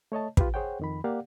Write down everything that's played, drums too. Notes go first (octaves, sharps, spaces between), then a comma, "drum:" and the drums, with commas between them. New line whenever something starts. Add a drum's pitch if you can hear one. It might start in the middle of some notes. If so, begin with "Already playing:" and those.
A3 C#5 D#5 A5
F4 G4 B4, drum: kick
G#4 C5 C#5 F#5 G5
F2 D#3 B5
A#3 G4 D5 F5 F#5